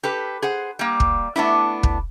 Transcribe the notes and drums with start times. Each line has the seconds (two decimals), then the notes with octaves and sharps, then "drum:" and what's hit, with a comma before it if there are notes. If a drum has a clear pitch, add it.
0.03 G4 A4 B4
0.42 G#4 C5 F#5
0.79 G3 A#3
1.00 drum: kick
1.36 A3 B3 D4 E4
1.83 drum: kick